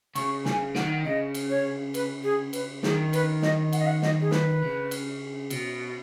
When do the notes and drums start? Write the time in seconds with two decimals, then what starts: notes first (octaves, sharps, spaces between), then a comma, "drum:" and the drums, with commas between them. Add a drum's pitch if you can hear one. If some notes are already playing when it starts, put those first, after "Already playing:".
0.15 C#3 C#6, drum: cymbal
0.45 C#3 G#5, drum: snare
0.75 D#3 F#5, drum: snare
1.05 C#3 D#5
1.34 drum: cymbal
1.50 C#5
1.94 B4, drum: cymbal
2.23 G#4
2.53 B4, drum: cymbal
2.83 D#3 G#4, drum: snare
3.13 B4, drum: cymbal
3.42 D#5, drum: snare
3.73 F#5, drum: cymbal
3.80 D#5
3.86 F#5
4.02 D#5, drum: snare
4.20 G#4
4.31 B4, drum: snare
4.62 C#3
4.91 drum: cymbal
5.50 B2, drum: cymbal